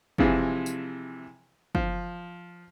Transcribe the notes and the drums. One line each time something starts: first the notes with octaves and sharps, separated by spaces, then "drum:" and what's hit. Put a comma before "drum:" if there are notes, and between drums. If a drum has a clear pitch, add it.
C3 E3 F3 G#3, drum: kick
drum: tambourine
F3, drum: kick